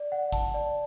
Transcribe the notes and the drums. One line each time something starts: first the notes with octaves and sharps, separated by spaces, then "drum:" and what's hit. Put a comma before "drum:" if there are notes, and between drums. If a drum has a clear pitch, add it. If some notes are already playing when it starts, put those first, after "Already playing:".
Already playing: D5
F#5
A5, drum: kick
D5